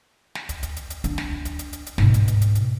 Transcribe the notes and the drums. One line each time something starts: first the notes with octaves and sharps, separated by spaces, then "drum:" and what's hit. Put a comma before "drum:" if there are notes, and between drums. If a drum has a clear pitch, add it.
drum: snare
drum: kick, hi-hat
drum: kick, hi-hat
drum: hi-hat
drum: hi-hat
D4, drum: hi-hat
drum: snare
drum: kick
drum: kick, hi-hat
drum: hi-hat
drum: hi-hat
drum: hi-hat
G#2 B2, drum: snare
drum: kick, hi-hat
drum: kick, hi-hat
drum: hi-hat
drum: hi-hat